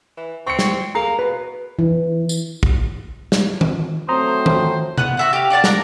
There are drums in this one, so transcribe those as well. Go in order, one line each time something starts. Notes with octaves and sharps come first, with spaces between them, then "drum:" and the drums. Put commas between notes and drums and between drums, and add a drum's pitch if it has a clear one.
E3
C4 C#6 C#7
drum: snare
A#3 G#4 A#5 C7
B2 B4
E3
drum: tambourine
drum: kick
drum: snare
drum: tom D#3
F#3 A3 C4 C5 A#5 C6 D#6
drum: tom D#3
B3 F#5, drum: tom C3
F#4 E5 F#5
G4 F5
D4 F#4 D5 A5
D4 A#4 A#5, drum: snare